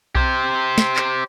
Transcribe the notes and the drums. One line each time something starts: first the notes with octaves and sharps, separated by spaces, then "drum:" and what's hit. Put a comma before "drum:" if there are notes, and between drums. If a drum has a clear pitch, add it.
G4 C5, drum: kick B1
drum: snare
drum: clap